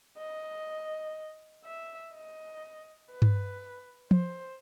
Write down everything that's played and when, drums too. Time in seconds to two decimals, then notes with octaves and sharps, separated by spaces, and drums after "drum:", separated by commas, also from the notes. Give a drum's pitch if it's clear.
0.17 D#5
1.65 E5
2.14 D#5
3.12 B4
3.22 drum: tom G2
4.11 C5, drum: tom F3